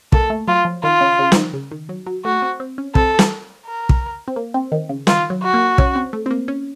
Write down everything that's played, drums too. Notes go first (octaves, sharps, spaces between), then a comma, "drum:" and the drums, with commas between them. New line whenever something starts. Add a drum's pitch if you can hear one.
A#3 A4, drum: kick
A3
F#3 F4
F3
D#3 F4
C#3
C#3
F3, drum: snare
D#3
C#3
D#3
F#3
F#3
A3 F#4
C4
C4
C#4
C4 A4, drum: kick
drum: snare
A#4
drum: kick
C4
A#3
C4
D#3
C#3
D#3 F4, drum: snare
F#3
F#4
A#3
C#4, drum: kick
C4
A3
C4
A#3
C#4